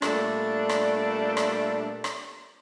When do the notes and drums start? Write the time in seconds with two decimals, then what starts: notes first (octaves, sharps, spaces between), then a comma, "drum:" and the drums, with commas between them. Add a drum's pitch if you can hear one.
0.02 A#2 G3 A3 D4, drum: rim click
0.69 drum: rim click
1.37 drum: rim click
2.04 drum: rim click